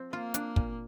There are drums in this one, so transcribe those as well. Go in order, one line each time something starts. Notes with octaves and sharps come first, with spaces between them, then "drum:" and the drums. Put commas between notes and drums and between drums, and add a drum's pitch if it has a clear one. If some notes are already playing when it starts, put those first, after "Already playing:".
Already playing: F3 C4
A#3 F4
D4, drum: hi-hat
A#2, drum: kick